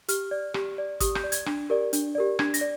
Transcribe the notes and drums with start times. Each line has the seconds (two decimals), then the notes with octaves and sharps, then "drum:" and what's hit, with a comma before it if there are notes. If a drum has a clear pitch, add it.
0.08 G4 F6, drum: hi-hat
0.31 D5
0.54 G4, drum: rim click
0.78 D5
1.00 G4 D#6, drum: kick, hi-hat
1.15 G6, drum: rim click
1.24 D5
1.32 G#6, drum: hi-hat
1.46 D4, drum: rim click
1.70 G4 A#4 D5
1.93 D4, drum: hi-hat
2.15 G4 A#4 D5
2.39 D4 G#6, drum: rim click
2.54 A#6, drum: hi-hat
2.61 D5